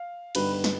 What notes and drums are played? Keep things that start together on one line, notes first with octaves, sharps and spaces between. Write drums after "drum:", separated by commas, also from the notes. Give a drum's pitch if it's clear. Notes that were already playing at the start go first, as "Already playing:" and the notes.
Already playing: F5
G2 D3 G3 B3 D#4 B4, drum: cymbal
B4
drum: snare